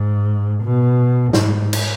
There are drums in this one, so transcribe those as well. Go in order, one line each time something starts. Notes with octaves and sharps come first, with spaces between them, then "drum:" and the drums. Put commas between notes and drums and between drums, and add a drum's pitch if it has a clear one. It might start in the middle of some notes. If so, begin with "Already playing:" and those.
Already playing: G#2
B2
G#2, drum: snare
drum: cymbal